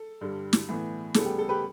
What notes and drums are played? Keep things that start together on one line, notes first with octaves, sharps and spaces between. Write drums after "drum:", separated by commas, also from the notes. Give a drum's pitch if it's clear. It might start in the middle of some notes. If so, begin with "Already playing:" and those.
Already playing: A4
G2 D3 G3
drum: snare
A2 E3 B3
D2 C#3 G3 B3 A4, drum: snare
G4
A4
G4 B4